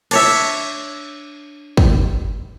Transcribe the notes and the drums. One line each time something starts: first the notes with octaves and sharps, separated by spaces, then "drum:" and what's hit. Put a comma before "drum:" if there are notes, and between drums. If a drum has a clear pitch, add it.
D4 C#5 E5, drum: cymbal
drum: kick